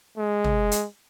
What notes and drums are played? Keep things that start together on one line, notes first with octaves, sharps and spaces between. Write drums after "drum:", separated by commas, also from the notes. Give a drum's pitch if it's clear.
G#3
drum: tom
drum: hi-hat